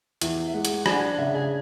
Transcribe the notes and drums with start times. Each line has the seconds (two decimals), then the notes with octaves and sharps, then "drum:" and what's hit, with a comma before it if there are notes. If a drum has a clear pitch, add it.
0.22 E2 E5, drum: hi-hat
0.48 E5
0.54 G#3 F#5
0.65 drum: hi-hat
0.86 D4 G#5, drum: rim click
1.02 F#5
1.18 C#3 E5
1.35 G#4